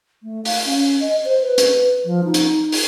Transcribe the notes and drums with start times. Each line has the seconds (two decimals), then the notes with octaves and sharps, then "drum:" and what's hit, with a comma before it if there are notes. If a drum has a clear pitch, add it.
0.23 A3
0.45 F5, drum: open hi-hat
0.66 C#4
1.01 D#5
1.25 C5
1.41 B4
1.58 drum: hi-hat
2.05 F3
2.24 D#4
2.34 drum: hi-hat
2.72 drum: open hi-hat